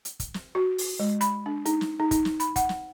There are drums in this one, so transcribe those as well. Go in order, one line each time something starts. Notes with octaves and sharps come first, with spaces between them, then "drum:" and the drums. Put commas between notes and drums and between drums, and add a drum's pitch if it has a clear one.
drum: hi-hat
drum: kick, hi-hat
drum: snare
F#4
drum: open hi-hat
G#3
B5, drum: hi-hat
D4
D#4, drum: hi-hat
drum: snare
D#4
D#4, drum: kick, hi-hat
drum: snare
B5, drum: hi-hat
F#5, drum: kick, hi-hat
drum: snare